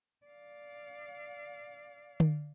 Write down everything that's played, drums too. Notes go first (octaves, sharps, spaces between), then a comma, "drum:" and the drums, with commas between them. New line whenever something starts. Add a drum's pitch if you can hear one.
D5 F5
drum: tom D3